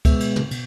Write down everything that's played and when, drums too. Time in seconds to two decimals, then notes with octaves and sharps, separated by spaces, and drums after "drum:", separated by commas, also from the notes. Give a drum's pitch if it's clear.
0.05 B2 G#3 B3 E5, drum: kick, cymbal
0.20 drum: cymbal
0.36 drum: tom
0.51 B2, drum: cymbal